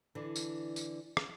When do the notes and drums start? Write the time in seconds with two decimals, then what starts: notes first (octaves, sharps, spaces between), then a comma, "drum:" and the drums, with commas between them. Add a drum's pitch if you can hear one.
0.15 D3 E3 D4
0.36 drum: tambourine
0.76 drum: tambourine
1.17 drum: rim click